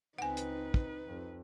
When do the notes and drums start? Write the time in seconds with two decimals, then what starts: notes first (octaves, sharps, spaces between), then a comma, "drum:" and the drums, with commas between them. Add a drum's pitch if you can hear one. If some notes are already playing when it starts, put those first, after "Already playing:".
0.18 C#2 C4 D#4 B4 F#5 G#5
0.37 drum: hi-hat
0.74 drum: kick
1.06 F2